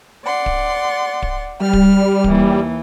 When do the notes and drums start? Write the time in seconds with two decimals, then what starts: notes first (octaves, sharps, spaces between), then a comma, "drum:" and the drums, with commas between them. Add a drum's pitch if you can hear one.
0.24 D5 F#5 C6
0.46 drum: kick D1
1.22 drum: kick D1
1.60 G3 F6
1.73 drum: kick D1
2.24 D#2 E3, drum: kick D1